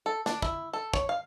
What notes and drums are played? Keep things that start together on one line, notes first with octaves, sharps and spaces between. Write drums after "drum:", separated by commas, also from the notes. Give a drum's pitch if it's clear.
A4
D4, drum: snare
E4, drum: kick
A4
C#5, drum: kick
F5